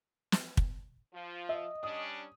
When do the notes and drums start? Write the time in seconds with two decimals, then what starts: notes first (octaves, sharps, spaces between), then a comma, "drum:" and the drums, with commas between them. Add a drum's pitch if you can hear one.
0.32 drum: snare
0.57 drum: kick
1.13 F3 F4
1.49 D#5 E5
1.83 G3 C#4 D4 D#6